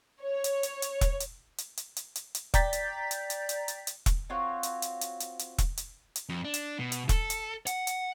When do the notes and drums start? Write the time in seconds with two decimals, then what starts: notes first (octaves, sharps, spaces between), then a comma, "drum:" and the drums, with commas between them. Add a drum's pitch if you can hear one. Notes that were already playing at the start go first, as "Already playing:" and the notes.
0.21 C#5
0.44 drum: hi-hat
0.63 drum: hi-hat
0.82 drum: hi-hat
1.01 drum: kick E1, hi-hat
1.20 drum: hi-hat
1.58 drum: hi-hat
1.77 drum: hi-hat
1.96 drum: hi-hat
2.16 drum: hi-hat
2.35 drum: hi-hat
2.54 D5 G5 A#5 G6 A6 B6, drum: kick E1, hi-hat
2.73 drum: hi-hat
3.11 drum: hi-hat
3.30 drum: hi-hat
3.49 drum: hi-hat
3.68 drum: hi-hat
3.87 drum: hi-hat
4.06 drum: kick E1, hi-hat
4.30 C4 F4 F#4 C#5
4.63 drum: hi-hat
4.82 drum: hi-hat
5.01 drum: hi-hat
5.20 drum: hi-hat
5.39 drum: hi-hat
5.58 drum: kick E1, hi-hat
5.77 drum: hi-hat
6.16 drum: hi-hat
6.29 F2
6.45 D4
6.54 drum: hi-hat
6.79 B2
6.92 drum: hi-hat
7.09 A4, drum: kick E1, hi-hat
7.30 drum: hi-hat
7.67 F#5, drum: hi-hat
7.87 drum: hi-hat